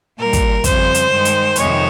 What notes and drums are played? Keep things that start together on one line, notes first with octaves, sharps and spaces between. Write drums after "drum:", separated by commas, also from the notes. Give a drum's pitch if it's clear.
A#2 G3 A#4
drum: kick, hi-hat
F2 C#3 G3 C5, drum: kick, hi-hat
drum: hi-hat
G2 D#3 G#3
drum: hi-hat
F2 C3 D#3 G#3 C#5, drum: hi-hat